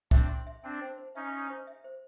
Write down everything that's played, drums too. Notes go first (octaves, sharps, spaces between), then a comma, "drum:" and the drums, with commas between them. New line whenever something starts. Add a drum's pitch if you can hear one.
C4 D4 E5, drum: kick C2
C6
E5
C4 D4 A5
C5
C5
C#4 D#4 E5
C6
C5
E5
C5